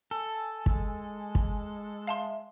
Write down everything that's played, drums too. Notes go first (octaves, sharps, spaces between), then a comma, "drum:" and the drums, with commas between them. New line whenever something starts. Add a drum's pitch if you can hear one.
A4 G#5
G#3, drum: kick
drum: kick
E5 F5 A5 C6